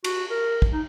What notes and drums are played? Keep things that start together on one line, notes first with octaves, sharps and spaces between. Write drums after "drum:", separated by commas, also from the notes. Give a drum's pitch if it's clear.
F#4, drum: cymbal
A#4
drum: kick
D#4